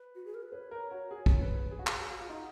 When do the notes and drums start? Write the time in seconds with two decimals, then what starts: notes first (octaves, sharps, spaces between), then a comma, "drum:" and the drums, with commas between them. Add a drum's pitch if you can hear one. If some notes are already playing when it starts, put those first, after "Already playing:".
Already playing: B4
0.15 F#4
0.25 G#4
0.34 A#4
0.42 B4
0.52 B4 C#5
0.71 A#4
0.91 F#4
1.11 G#4
1.26 drum: kick
1.42 B4
1.71 G#4
1.79 F#4
1.87 G#4, drum: clap
2.00 G#4
2.10 F#4
2.21 F4
2.30 D#4 F#5